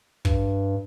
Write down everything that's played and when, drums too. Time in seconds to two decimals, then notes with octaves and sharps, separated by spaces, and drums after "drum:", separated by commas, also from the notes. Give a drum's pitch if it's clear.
0.25 G2, drum: kick